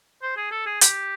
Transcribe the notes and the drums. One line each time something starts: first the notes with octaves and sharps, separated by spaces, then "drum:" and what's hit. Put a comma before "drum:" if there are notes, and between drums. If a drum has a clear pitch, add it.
C5
G#4
A4
G#4
G4, drum: hi-hat